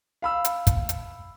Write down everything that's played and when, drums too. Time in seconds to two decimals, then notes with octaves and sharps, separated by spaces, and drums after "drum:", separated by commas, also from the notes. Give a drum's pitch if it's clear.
0.22 F5 B5 E6
0.45 drum: hi-hat
0.67 drum: kick, hi-hat
0.89 drum: hi-hat